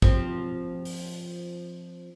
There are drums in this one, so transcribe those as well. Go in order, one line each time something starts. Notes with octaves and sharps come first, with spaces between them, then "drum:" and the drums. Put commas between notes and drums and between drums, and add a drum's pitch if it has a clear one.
F3 C4, drum: kick
drum: open hi-hat